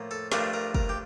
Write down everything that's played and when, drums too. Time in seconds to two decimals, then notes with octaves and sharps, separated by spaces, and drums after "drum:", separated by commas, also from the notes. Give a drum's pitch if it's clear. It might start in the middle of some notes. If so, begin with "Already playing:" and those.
Already playing: A2 F3 A#3
0.11 A4
0.32 G2 F3 A3 D4 A#4, drum: snare
0.54 A#4
0.75 A#4, drum: kick
0.89 G4